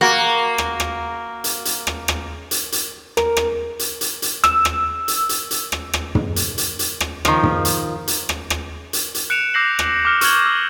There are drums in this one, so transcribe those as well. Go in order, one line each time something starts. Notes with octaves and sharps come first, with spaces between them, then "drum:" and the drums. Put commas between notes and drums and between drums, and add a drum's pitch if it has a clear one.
A#3 F#4
drum: rim click
drum: rim click
drum: hi-hat
drum: hi-hat
drum: rim click
drum: rim click
drum: hi-hat
drum: hi-hat
A#4, drum: rim click
drum: rim click
drum: hi-hat
drum: hi-hat
drum: hi-hat
E6, drum: rim click
drum: rim click
drum: hi-hat
drum: hi-hat
drum: hi-hat
drum: rim click
drum: rim click
drum: tom
drum: hi-hat
drum: hi-hat
drum: hi-hat
drum: rim click
D#3 F3, drum: rim click
drum: tom
drum: hi-hat
drum: hi-hat
drum: rim click
drum: rim click
drum: hi-hat
drum: hi-hat
F#6 C#7 D7 E7 F7
D6 E6 G6 A#6 C7 F#7
drum: rim click
D6 F6 C#7
C#6 E6 F6 G6 G#6 F#7, drum: hi-hat
E6